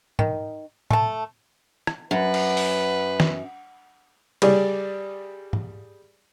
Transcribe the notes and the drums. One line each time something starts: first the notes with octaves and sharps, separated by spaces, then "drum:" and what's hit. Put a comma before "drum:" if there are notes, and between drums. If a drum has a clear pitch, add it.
D#3, drum: tom
A3 A5, drum: tom A2
drum: rim click
F#2 B4
drum: cymbal
drum: open hi-hat
drum: snare E3
G3 G#4 D5, drum: cymbal
drum: tom